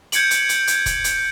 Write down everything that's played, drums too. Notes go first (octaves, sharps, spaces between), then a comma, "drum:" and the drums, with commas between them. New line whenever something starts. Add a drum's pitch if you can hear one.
G6 G#6 C#7 D7 F#7, drum: hi-hat
drum: hi-hat
drum: hi-hat
drum: hi-hat
drum: kick F1, hi-hat
drum: hi-hat